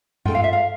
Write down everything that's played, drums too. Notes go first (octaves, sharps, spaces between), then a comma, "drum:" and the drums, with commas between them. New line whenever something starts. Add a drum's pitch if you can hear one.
F4 A4 G5, drum: tom G2
F5
E5
F5